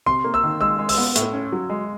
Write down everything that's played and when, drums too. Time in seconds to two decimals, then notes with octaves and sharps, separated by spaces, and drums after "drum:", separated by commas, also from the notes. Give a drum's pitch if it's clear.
0.06 C3 C6
0.24 A#3
0.34 E6
0.43 D#3
0.61 G#3 E6
0.79 G#3
0.89 E6, drum: open hi-hat
0.97 B3
1.16 A2, drum: hi-hat
1.33 C#4
1.52 F#3
1.70 G#3